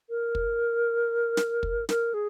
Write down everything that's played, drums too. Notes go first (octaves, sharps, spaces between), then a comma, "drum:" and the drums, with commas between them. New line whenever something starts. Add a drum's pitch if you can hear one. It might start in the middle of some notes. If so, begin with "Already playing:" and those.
A#4
drum: kick
drum: snare
drum: kick
A#4, drum: snare
G#4